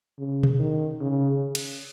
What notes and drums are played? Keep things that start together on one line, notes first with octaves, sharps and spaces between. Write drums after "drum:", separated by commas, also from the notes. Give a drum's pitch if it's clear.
C#3
drum: tom B2
D#3
C#3
drum: cymbal